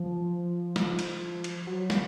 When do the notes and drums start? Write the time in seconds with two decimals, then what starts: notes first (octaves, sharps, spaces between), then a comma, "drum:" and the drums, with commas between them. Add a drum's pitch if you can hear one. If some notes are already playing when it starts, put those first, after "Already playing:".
Already playing: F3
0.76 drum: snare
0.99 drum: cymbal
1.44 drum: cymbal
1.67 F#3
1.90 drum: snare